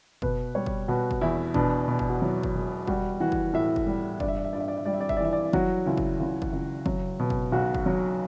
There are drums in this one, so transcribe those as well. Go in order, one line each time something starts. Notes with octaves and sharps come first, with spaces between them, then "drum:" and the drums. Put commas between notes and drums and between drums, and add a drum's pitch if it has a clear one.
B2 B4, drum: kick
G3 C#5
drum: kick
B2 F#4
drum: kick
E2 E4
B2 D4, drum: kick
B2
drum: kick
F#4
F#3 E4
drum: kick
E1
G3 F#4, drum: kick
E3 F#4
drum: kick
A2 E5
drum: kick
G3
G2 D5, drum: kick
E5
D5
E5
G2 D5
E5
D5
E5
G3 D5
E5
D5
E5, drum: kick
D5
E3 E5
D5
F#3 F#4, drum: kick
C#2 E4
drum: kick
C#2 E4
drum: kick
C#2
F#3, drum: kick
B2
drum: kick
B1 F#4
drum: kick
F#3